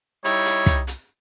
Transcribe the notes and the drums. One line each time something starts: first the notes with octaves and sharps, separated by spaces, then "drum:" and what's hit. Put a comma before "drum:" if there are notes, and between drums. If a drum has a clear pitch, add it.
G3 D#4 E4 C#5, drum: hi-hat
drum: hi-hat
drum: kick, hi-hat
drum: hi-hat